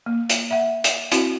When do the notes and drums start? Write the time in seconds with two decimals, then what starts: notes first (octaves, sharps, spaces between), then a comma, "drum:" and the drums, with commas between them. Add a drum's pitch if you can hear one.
0.06 A#3
0.30 drum: hi-hat
0.51 E5 F#5
0.84 drum: hi-hat
1.12 C4 E4 F#4, drum: hi-hat